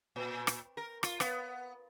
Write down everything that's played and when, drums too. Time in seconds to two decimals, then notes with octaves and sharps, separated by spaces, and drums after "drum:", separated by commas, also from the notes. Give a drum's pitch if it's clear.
0.16 A#2
0.47 drum: rim click
0.77 A#4
1.03 F4, drum: rim click
1.20 B3, drum: rim click